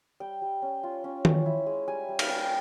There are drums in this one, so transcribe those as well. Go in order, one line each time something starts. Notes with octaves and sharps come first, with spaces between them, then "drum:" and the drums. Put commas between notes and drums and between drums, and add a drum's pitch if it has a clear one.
G3 G5
G3
C#4
F4
C#4
C#4, drum: tom D#3
E4
G#3
G3 G#5
G3
F5, drum: cymbal
G3 G5